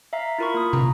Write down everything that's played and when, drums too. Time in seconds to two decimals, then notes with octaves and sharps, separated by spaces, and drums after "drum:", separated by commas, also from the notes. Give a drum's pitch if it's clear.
0.13 E5 F5 A#5 B6
0.38 E4 F4 A#4 B5 C#6
0.54 A#3 D#6
0.73 A#5, drum: tom